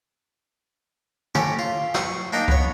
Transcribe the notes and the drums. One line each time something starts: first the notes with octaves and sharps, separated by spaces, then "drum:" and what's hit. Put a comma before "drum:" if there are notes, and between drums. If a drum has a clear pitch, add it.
C#4 G4 A4 A#4, drum: tom
F4
C6 C#6, drum: snare
A#3 D4 D#4 A#4 G5
B3 C#5, drum: kick C#2